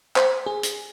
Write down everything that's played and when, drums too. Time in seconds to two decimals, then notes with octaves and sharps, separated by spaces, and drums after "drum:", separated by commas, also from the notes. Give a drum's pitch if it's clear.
0.16 C5, drum: clap
0.46 G#4
0.63 drum: hi-hat